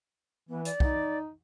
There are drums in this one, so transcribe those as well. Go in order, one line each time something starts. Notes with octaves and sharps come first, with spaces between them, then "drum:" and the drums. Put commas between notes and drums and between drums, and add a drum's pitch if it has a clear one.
E3 B3
D5, drum: hi-hat
D#4, drum: kick